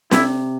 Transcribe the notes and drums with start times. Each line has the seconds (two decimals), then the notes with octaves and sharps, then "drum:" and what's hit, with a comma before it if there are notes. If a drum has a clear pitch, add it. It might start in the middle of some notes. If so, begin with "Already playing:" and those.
0.11 C3 E4, drum: snare